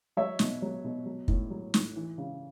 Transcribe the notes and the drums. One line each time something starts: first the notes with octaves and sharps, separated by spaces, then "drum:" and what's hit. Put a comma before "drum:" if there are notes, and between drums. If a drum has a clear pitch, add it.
F#3 C#5 E5
B2, drum: snare
F#3
B2
F#3
A2, drum: kick
F#3
A2, drum: snare
E3
C#3